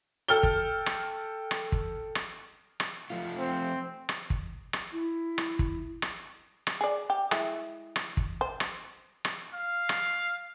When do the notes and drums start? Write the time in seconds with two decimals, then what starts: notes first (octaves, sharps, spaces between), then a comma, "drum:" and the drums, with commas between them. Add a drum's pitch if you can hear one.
0.28 A4 G5 F6 G7
0.43 drum: kick
0.86 drum: rim click
1.51 drum: rim click
1.72 drum: kick
2.15 drum: rim click
2.80 drum: rim click
3.10 F3 A3 F4
3.39 C4
4.09 drum: rim click
4.30 drum: kick
4.73 drum: rim click
4.92 E4
5.38 drum: rim click
5.59 drum: kick
6.02 drum: rim click
6.67 drum: rim click
6.81 G#4 D5
7.10 G4
7.31 G#3 E4, drum: rim click
7.96 drum: rim click
8.17 drum: kick
8.41 C5
8.60 drum: rim click
9.25 drum: rim click
9.54 F5
9.89 drum: rim click